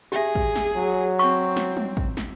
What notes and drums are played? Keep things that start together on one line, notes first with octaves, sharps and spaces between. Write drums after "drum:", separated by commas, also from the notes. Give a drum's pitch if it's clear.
G4 G#4 E5
drum: kick
drum: snare
F#3
C4 C#6
drum: snare
drum: tom
drum: kick
drum: snare